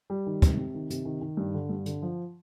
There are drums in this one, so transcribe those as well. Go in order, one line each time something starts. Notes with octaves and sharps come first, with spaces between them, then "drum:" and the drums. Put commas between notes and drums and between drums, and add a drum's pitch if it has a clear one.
G3
D#3
C3, drum: kick, hi-hat
C3
D#3
C3, drum: hi-hat
D#3
D#3
G2
D3
G2
D3, drum: hi-hat
F3